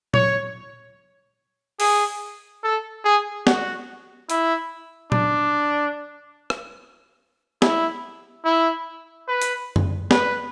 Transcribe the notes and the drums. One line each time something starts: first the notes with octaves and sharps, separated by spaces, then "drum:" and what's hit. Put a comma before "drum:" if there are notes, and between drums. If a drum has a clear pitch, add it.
C#5, drum: tom
G#4, drum: open hi-hat
A4
G#4
F#4, drum: snare
E4, drum: hi-hat
D4, drum: tom
drum: rim click
E4, drum: snare
E4
B4
drum: hi-hat
drum: tom F#2
B4, drum: snare